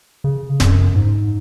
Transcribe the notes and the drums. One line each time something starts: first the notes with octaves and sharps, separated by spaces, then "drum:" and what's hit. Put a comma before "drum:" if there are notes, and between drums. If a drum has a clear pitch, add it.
C#3
F#2, drum: snare D1
G#2